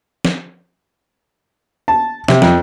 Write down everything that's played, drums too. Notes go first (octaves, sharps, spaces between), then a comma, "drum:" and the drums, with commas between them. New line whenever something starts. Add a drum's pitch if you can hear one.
drum: snare
A5
C3, drum: snare
F2, drum: snare